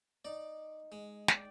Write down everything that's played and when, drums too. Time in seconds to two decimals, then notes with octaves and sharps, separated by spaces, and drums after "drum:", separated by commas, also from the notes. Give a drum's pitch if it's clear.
0.25 D#4 D5
0.92 G#3
1.28 D5 G5, drum: snare